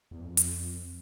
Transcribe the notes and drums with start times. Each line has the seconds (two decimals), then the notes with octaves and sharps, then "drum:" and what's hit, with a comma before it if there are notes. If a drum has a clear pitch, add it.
0.11 E2
0.20 F2
0.37 drum: hi-hat